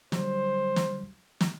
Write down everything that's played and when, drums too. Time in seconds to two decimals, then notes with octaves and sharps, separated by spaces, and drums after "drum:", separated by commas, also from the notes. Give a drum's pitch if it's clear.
0.12 D3 F#3 G3 C5, drum: snare
0.76 drum: snare
1.41 drum: snare